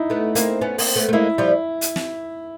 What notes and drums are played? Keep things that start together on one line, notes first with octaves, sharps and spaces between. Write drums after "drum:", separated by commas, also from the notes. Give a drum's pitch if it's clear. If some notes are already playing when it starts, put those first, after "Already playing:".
Already playing: D#4 E4
A3 B3
A#3 C4, drum: hi-hat
B3 C#4
A#3 C4, drum: open hi-hat
A3 B3
A3
G#3 A#3 E4
F3 G3
drum: hi-hat
drum: snare